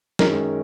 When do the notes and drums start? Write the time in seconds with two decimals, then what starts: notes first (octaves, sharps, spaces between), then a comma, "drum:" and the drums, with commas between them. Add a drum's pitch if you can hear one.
0.19 F#2 D#3 G#3 C#4 A#4, drum: snare